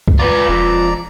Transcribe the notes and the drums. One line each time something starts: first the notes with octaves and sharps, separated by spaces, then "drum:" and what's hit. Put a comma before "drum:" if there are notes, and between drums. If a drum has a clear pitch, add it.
drum: kick
F4 B4 D5 A#5
E1 F2